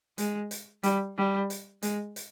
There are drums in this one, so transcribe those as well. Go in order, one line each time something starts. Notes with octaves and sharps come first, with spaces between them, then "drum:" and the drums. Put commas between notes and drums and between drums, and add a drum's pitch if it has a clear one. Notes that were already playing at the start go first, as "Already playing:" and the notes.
G#3, drum: hi-hat
drum: hi-hat
G3, drum: hi-hat
G3
drum: hi-hat
G#3, drum: hi-hat
drum: hi-hat